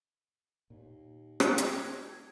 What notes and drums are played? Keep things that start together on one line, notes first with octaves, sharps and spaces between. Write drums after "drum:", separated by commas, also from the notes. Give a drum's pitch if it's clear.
D#2 A#2
drum: rim click
G#6, drum: hi-hat